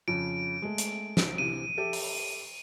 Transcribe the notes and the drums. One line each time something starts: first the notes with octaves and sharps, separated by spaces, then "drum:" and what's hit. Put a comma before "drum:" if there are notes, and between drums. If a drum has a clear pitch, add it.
F2 C#3 D7
G#3 A3
drum: hi-hat
drum: snare
C3 E3 D#7
G4 A4 E5
drum: open hi-hat